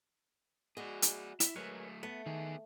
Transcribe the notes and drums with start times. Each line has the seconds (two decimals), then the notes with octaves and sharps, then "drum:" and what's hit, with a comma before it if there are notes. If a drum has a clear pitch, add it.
0.77 G#3 E4 F#4 G#4 D5
1.02 drum: hi-hat
1.40 E4 E5, drum: hi-hat
1.56 F#3 G#3 A3 A#4 B4 C#5
2.03 A3 B3
2.26 D#3 B3 G#4